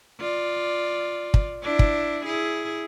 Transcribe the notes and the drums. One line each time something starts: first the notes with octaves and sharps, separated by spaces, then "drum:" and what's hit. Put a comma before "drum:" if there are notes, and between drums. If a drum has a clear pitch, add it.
F4 D5
drum: kick
D4 E4
drum: kick
E4 G#4